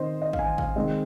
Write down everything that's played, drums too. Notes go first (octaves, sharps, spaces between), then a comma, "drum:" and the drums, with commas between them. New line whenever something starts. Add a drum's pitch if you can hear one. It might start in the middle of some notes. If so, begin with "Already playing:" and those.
Already playing: D#3 C4 C5 D#5
D#5
F5, drum: kick
G#5
F5, drum: kick
D#3 G#3 C4 D#5